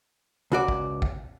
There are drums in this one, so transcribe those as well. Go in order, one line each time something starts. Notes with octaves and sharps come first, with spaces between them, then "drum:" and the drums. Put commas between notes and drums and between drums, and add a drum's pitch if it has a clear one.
C#2 F#4 D5
drum: kick
drum: kick